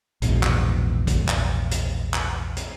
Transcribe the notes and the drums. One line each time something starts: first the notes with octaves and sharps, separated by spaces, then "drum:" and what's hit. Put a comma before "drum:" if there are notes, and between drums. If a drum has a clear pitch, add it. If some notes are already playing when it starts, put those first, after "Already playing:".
A#1 E2 G#2 B2, drum: hi-hat
drum: clap
drum: kick, hi-hat
drum: clap
drum: hi-hat
drum: clap
drum: hi-hat